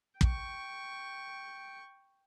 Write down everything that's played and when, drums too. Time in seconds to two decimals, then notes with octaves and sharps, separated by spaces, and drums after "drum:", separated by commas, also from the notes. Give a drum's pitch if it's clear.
0.21 G5 C#6, drum: kick